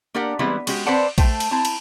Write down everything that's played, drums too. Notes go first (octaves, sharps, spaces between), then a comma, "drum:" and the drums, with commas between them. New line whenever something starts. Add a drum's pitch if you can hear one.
A#3 D4 G4 A#4 F#5
E3 G3 G#3 B3 C4 E4
G#3 C#4 F#4 G4, drum: cymbal
C4 B4 C5 D5 F#5 A5
A3 C5 G5 A5, drum: kick A#1, cymbal
drum: cymbal
C4 E4 A5 A#5
drum: cymbal